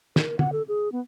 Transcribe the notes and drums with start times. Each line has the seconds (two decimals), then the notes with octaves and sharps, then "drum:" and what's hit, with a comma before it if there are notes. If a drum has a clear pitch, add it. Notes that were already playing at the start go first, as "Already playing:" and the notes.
0.16 A#4, drum: snare
0.39 F#5, drum: tom
0.52 A4
0.68 G#4
0.92 B3